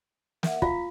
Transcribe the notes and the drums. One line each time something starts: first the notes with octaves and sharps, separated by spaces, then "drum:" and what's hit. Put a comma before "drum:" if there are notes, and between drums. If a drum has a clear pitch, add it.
A#4 E5 F#5, drum: snare
F4 F5 A#5 B6, drum: kick